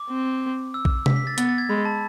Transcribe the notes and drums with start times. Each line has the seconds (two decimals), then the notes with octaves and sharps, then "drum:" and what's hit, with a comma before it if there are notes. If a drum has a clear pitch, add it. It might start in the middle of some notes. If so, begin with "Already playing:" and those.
Already playing: D6
0.10 C4
0.74 E6
0.85 drum: kick A#1
1.06 B6, drum: tom C3
1.16 B6
1.27 A6
1.38 B3 A6, drum: hi-hat
1.49 A6
1.58 G#6
1.69 G#3 B5
1.85 A5